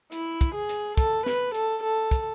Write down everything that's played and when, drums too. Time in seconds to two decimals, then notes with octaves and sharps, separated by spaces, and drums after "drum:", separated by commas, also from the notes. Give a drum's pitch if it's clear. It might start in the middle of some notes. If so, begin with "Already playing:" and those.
0.12 E4, drum: hi-hat
0.41 drum: kick, hi-hat
0.55 G#4
0.69 drum: hi-hat
0.97 A4, drum: kick, hi-hat
1.26 B4, drum: snare
1.55 A4, drum: hi-hat
1.83 A4
2.11 drum: kick, hi-hat